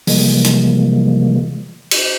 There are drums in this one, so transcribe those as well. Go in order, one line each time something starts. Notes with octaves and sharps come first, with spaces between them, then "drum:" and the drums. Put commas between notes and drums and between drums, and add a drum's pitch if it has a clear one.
C3 E3 F3 G3 G#3 A#3, drum: open hi-hat
drum: hi-hat
drum: cymbal